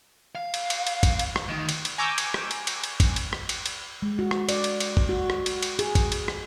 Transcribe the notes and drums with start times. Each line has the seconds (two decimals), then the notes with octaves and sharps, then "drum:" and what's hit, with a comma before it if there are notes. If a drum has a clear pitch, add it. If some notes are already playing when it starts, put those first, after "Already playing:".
0.35 F5
0.54 drum: cymbal
0.70 drum: cymbal
0.87 drum: cymbal
1.03 drum: kick, cymbal
1.19 drum: cymbal
1.36 drum: rim click
1.49 D2 D#3
1.69 drum: cymbal
1.85 drum: cymbal
1.98 G#5 A#5 C#6 D6 E6 G6
2.18 drum: cymbal
2.34 drum: rim click
2.51 drum: cymbal
2.67 drum: cymbal
2.84 drum: cymbal
3.00 drum: kick, cymbal
3.16 drum: cymbal
3.33 drum: rim click
3.49 drum: cymbal
3.66 drum: cymbal
4.02 G#3
4.19 F#4
4.31 drum: rim click
4.49 D5, drum: cymbal
4.64 drum: cymbal
4.80 drum: cymbal
4.97 drum: kick
5.09 F#4
5.30 drum: rim click
5.46 drum: cymbal
5.63 drum: cymbal
5.79 G#4, drum: cymbal
5.95 drum: kick, cymbal
6.12 drum: cymbal
6.28 drum: rim click